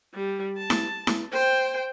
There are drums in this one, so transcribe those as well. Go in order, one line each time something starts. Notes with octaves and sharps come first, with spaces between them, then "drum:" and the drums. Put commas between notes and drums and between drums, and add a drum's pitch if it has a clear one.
G3
A5
drum: snare E4
drum: snare E4
C5 G5